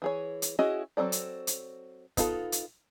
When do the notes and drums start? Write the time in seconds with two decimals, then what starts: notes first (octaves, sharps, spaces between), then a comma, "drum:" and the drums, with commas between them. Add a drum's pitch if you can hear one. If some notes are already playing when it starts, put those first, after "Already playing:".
0.02 E3 G#4 C#5
0.42 drum: hi-hat
0.59 C#4 E4 F#4 G#4 D#5
0.97 F#3 A#3 C4 A4 D5
1.12 drum: hi-hat
1.47 drum: hi-hat
2.17 B3 D#4 F4 A4, drum: kick, hi-hat
2.52 drum: hi-hat